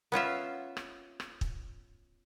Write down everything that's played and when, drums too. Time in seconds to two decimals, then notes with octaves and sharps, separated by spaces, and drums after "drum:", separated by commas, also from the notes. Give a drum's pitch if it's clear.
0.12 B3 C#4 F4 E5
0.77 drum: rim click
1.20 drum: rim click
1.41 drum: kick